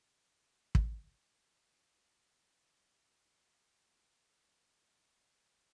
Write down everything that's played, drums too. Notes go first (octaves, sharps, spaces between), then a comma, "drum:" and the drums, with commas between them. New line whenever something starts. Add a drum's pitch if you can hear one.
C4
drum: kick
E5 F#5 G5 F6 F#6
F#3
G#3
G#4
E4
D4
G#3
D5
D#5
C6
F4
B4
C#4